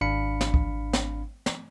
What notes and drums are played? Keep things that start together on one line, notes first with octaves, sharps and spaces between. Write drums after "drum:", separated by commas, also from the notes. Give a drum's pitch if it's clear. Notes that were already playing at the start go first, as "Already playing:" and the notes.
G#1 D4 F5 B5 C#7
drum: snare
drum: kick
drum: snare
drum: snare